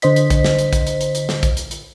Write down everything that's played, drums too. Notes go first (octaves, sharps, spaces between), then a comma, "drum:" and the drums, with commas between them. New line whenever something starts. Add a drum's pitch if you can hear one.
D3 C5 D#5 B6, drum: hi-hat
drum: hi-hat
drum: kick A#1, hi-hat
drum: snare
drum: hi-hat
drum: kick A#1, hi-hat
drum: hi-hat
drum: hi-hat
drum: hi-hat
drum: snare
drum: kick A#1, hi-hat
drum: hi-hat
drum: hi-hat